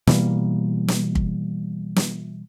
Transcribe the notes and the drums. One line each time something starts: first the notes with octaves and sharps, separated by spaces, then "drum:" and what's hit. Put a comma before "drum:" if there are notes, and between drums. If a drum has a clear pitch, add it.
B2 E3 G3 A#3, drum: snare
drum: snare
drum: kick
drum: snare